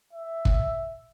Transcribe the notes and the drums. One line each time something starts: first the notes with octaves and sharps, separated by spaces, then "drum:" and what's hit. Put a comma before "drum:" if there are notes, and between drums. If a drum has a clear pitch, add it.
E5
drum: kick